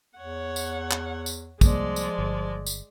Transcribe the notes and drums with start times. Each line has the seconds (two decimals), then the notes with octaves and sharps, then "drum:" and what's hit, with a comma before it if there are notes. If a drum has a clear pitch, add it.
0.18 E2 C#5 F#5
0.56 drum: tambourine
0.91 drum: clap
1.26 drum: tambourine
1.61 C2 F3 G#3 A#3 D5, drum: kick, tambourine
1.96 drum: tambourine
2.19 G1
2.67 drum: tambourine